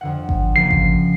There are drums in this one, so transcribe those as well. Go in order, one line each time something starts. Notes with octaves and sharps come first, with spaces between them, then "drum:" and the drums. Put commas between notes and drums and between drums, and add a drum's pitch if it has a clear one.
F2 D3 F#5
drum: kick G#1
C#3 F3 A#3 C7
drum: kick G#1